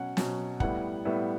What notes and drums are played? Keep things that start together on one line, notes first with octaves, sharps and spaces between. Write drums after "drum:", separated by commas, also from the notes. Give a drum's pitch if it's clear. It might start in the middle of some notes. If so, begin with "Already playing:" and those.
Already playing: B2 F#3 C#4 F#5
B2 F#3 C#4, drum: snare
A2 G3 B3 E4 F#5, drum: kick
A2 G3 B3 E4 E5